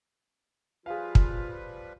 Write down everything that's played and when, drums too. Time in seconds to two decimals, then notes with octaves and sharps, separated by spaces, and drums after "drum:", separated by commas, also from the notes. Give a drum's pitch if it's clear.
0.86 F3 G3 F4 G#4 B4 F5
1.15 drum: kick